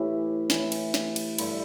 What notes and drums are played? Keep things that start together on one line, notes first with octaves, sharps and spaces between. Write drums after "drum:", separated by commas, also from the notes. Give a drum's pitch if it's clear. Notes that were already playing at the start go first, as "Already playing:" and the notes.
Already playing: A2 E3 G4
A2 E3, drum: snare
drum: cymbal
drum: snare
drum: cymbal
G2 D3 E4, drum: cymbal